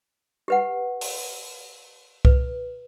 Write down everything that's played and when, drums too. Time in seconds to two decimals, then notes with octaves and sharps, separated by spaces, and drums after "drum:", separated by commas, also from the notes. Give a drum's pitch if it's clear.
0.48 G4 B4 F#5
1.01 drum: open hi-hat
2.25 B4, drum: kick C2